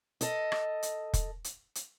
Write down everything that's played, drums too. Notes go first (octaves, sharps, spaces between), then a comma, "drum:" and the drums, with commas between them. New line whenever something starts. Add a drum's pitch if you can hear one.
A4 D#5, drum: hi-hat
drum: rim click
drum: hi-hat
drum: kick, hi-hat
drum: hi-hat
drum: hi-hat